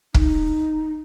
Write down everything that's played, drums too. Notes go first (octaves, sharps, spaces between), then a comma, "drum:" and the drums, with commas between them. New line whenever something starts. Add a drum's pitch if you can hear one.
D#4, drum: kick